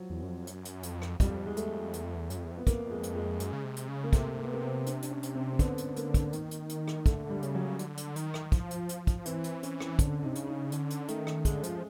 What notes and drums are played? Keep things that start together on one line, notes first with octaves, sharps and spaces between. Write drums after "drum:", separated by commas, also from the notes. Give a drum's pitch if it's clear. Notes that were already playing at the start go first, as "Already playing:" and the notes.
Already playing: F3 F#3
E2
F#2
F2
F#2, drum: hi-hat
drum: hi-hat
F2, drum: hi-hat
drum: rim click
F2 G3, drum: kick, hi-hat
E2 G#3
A3, drum: hi-hat
F2
E2, drum: hi-hat
F2
E2
F#2, drum: hi-hat
F2
E2
F2
B3
F2 A#3, drum: kick, hi-hat
G#3
drum: hi-hat
G#3
F#2, drum: hi-hat
C#3
C3
drum: hi-hat
C#3
A#3
C3 A3, drum: kick, hi-hat
A#3
B3
A#3
C4
D4, drum: hi-hat
D4, drum: hi-hat
C#4
drum: hi-hat
C4
C4
D3 B3, drum: kick, hi-hat
drum: hi-hat
A#3, drum: hi-hat
drum: kick, hi-hat
D#3, drum: hi-hat
drum: hi-hat
drum: hi-hat
drum: rim click
D3 A3, drum: kick, hi-hat
G3
C#3, drum: hi-hat
F#3
D3, drum: hi-hat
drum: hi-hat
D#3, drum: hi-hat
drum: rim click
F3, drum: kick, hi-hat
drum: hi-hat
drum: hi-hat
drum: kick, hi-hat
E3 C4, drum: hi-hat
drum: hi-hat
C#4, drum: hi-hat
drum: rim click
D3 D4, drum: kick, hi-hat
C3 D#4
C#3, drum: hi-hat
D#4
D3 C#4, drum: hi-hat
drum: hi-hat
D#3 A3, drum: hi-hat
drum: rim click
D3 G#3, drum: kick, hi-hat
F3, drum: hi-hat